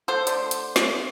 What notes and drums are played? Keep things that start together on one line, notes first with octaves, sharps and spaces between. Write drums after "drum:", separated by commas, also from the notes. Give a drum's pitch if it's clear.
A4 C5
D3 A3, drum: hi-hat
drum: hi-hat
drum: snare